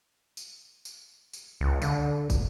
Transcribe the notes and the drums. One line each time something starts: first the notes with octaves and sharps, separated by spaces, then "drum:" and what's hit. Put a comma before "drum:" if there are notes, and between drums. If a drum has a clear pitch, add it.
drum: tambourine
drum: tambourine
drum: tambourine
C#2
D3, drum: tambourine
drum: kick, tambourine